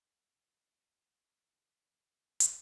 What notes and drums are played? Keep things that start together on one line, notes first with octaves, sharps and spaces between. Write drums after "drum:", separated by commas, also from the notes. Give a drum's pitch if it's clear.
C4 E4 F#4 C5
drum: hi-hat